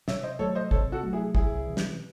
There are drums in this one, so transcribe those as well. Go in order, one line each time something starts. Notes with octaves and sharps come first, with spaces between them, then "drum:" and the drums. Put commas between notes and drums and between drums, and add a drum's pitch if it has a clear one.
C3 C#5 E5, drum: snare
C5 D#5
F#3 A3 A4 C#5
C5 D#5
C3 A4 C#5, drum: kick
F#4 A4
F#3 A3
E4 G#4
C2 E4 G#4, drum: kick
C3 E3
drum: snare